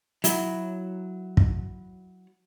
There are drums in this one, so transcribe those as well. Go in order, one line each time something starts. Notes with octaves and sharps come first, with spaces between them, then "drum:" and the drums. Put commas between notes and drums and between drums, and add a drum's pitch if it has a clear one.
F#3 E4, drum: hi-hat
drum: kick